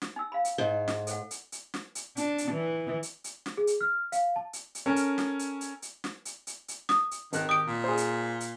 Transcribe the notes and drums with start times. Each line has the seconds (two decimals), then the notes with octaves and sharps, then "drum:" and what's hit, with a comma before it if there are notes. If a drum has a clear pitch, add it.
0.02 drum: snare
0.16 D#4 E6
0.32 F5 B5
0.45 drum: hi-hat
0.58 G#2 D#5
0.88 drum: snare
1.07 A4 C#5 F#5, drum: hi-hat
1.31 drum: hi-hat
1.52 drum: hi-hat
1.74 drum: snare
1.95 drum: hi-hat
2.17 D4, drum: hi-hat
2.38 drum: hi-hat
2.52 E3
3.03 drum: hi-hat
3.24 drum: hi-hat
3.46 drum: snare
3.57 G#4
3.67 drum: hi-hat
3.81 F6
4.12 F5, drum: hi-hat
4.36 A5
4.53 drum: hi-hat
4.75 drum: hi-hat
4.86 C#4 A4 A#4
4.96 drum: hi-hat
5.18 drum: snare
5.39 drum: hi-hat
5.61 drum: hi-hat
5.82 drum: hi-hat
6.04 drum: snare
6.25 drum: hi-hat
6.47 drum: hi-hat
6.68 drum: hi-hat
6.89 D#6, drum: snare
7.11 drum: hi-hat
7.33 G#1 D#3 A#4 F#6, drum: hi-hat
7.49 G4 D#6 D7
7.67 A#2
7.84 G#4 C5
7.97 drum: hi-hat
8.40 drum: hi-hat